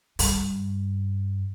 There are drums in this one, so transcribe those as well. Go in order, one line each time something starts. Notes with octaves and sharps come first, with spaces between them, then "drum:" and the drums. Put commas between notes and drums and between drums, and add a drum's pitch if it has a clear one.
G2, drum: open hi-hat